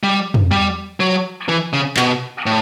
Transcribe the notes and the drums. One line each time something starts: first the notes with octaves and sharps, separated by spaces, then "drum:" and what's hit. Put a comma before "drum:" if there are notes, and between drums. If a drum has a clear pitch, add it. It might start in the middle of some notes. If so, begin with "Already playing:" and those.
G3
drum: tom
G3
F#3
E3
C#3
B2, drum: clap
A2